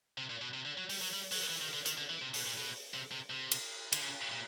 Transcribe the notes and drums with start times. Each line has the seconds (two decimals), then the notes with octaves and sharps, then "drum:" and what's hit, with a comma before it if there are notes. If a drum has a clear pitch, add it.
0.18 C3
0.30 A#2
0.42 B2
0.54 C3
0.65 D3
0.78 F#3
0.90 G3, drum: open hi-hat
1.01 F#3
1.13 G3
1.32 F#3, drum: open hi-hat
1.50 E3
1.62 D#3
1.73 D3
1.86 D#3, drum: hi-hat
1.98 D3
2.10 E3
2.22 C3
2.34 B2, drum: open hi-hat
2.46 A#2
2.58 B2
2.94 C3
3.12 C3
3.30 C3
3.52 drum: cymbal
3.93 D3, drum: cymbal
4.02 C#3
4.32 A#2